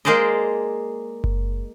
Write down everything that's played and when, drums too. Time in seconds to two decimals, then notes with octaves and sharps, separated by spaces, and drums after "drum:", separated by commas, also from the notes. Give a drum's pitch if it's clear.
0.05 G#3 A#3 G#4 C5 D5 D#5
1.24 drum: kick F#1